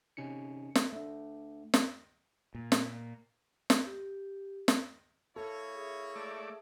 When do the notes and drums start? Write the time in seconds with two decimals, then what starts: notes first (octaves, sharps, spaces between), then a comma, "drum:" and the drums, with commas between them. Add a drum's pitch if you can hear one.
0.17 C3 C#4 D#4 C#7
0.75 drum: snare
0.92 A3 D4
1.74 drum: snare
2.55 A#2
2.72 drum: snare
3.70 drum: snare
3.86 G4
4.68 drum: snare
5.36 A#3 E4 A4 C#5
5.74 G#4 E5 D#6
6.16 A3 D5